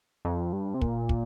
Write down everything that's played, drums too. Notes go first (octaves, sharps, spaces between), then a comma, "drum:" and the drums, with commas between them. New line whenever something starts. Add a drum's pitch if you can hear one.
F2
G2
C3
A#2, drum: kick
drum: kick